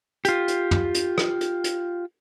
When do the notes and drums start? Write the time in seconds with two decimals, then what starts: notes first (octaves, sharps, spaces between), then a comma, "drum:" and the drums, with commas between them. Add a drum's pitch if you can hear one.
0.25 F4 G4, drum: hi-hat
0.48 drum: hi-hat
0.71 drum: tom
0.94 drum: hi-hat
1.18 drum: rim click
1.41 drum: hi-hat
1.64 drum: hi-hat